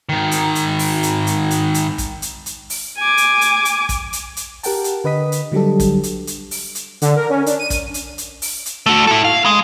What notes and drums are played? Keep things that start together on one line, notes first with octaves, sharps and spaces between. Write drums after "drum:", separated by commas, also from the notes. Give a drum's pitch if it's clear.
G#2 D#3
drum: hi-hat
drum: hi-hat
drum: open hi-hat
drum: hi-hat
drum: hi-hat
drum: hi-hat
drum: hi-hat
drum: kick, hi-hat
drum: hi-hat
drum: hi-hat
drum: open hi-hat
G#5 D6
drum: hi-hat
drum: hi-hat
drum: hi-hat
drum: kick, hi-hat
drum: hi-hat
drum: hi-hat
G4 A#4 F#5 G5 A5, drum: open hi-hat
drum: hi-hat
D3 B4 D#5 D#6 B6
drum: hi-hat
D3 F#3 G3 D4 G4 A4
drum: kick, hi-hat
drum: hi-hat
drum: hi-hat
drum: open hi-hat
drum: hi-hat
D3, drum: hi-hat
A#4
C#4
D4, drum: hi-hat
D#7
drum: kick, hi-hat
drum: hi-hat
drum: hi-hat
drum: open hi-hat
drum: hi-hat
A3 F#4
E4 A4
F5
G#3